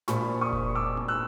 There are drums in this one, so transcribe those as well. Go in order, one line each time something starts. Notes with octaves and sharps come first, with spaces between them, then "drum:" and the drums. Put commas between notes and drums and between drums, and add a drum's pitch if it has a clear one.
A#1 A#2 F3 B5 C#6, drum: snare
C#6 D#6
drum: kick F1
D6 E6
drum: tom B3
E6 F#6